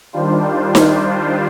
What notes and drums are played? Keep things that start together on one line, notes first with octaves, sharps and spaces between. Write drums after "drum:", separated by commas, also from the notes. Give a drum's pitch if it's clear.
D#3 G3 D4 F4 C5
drum: snare D#4